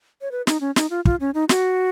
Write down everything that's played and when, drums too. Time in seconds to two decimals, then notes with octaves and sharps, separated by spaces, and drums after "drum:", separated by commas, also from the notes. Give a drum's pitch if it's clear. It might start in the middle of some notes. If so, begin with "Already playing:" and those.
0.21 C#5
0.31 B4
0.47 D#4, drum: snare
0.61 C#4
0.76 D#4, drum: snare
0.90 F4
1.05 F4, drum: kick
1.20 C#4
1.34 D#4
1.49 F#4, drum: snare